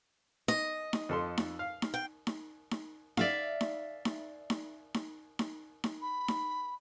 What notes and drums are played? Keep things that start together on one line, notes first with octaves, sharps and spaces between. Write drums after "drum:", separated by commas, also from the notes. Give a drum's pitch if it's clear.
D#5, drum: snare D#4
drum: snare D#4
F2 A4 C6
drum: snare D#4
F5
drum: snare D#4
G5
drum: snare D#4
drum: snare D#4
D5 E5 F5, drum: snare D#4
drum: snare D#4
drum: snare D#4
drum: snare D#4
drum: snare D#4
drum: snare D#4
drum: snare D#4
B5
drum: snare D#4